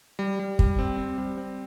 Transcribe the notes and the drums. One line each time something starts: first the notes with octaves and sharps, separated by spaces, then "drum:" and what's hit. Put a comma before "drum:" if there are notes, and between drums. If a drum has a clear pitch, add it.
G3
G3
G3, drum: kick
C4
C4
G3
C4